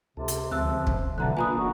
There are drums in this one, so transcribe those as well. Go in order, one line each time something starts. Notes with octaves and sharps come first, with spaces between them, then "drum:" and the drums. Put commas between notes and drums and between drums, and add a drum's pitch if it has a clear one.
C#2 C3 A4
drum: hi-hat
D2 F3 C4 E5 E6 F#6
drum: kick
B2 D3 E3 F#3 E5 A#5 F#6
A#3 D4 F4 B4 G#5 A#5 D#6
F#1 F#4